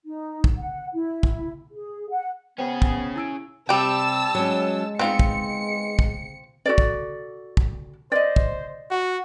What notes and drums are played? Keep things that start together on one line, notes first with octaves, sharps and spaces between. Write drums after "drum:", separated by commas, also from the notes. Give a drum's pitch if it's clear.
D#4
drum: kick
F#5
E4
drum: kick
G#4
F#5
B3 C#4 G#4 B4 C5 G5
drum: kick
E4 E6 D7
C3 G3 G5 A5 E6
F#3 G#3 C#4
B3 C4 D#4 F4 C#7
drum: kick
drum: kick
F#4 A4 D5
drum: kick
drum: kick
C5 D5 D#5
drum: kick
F#4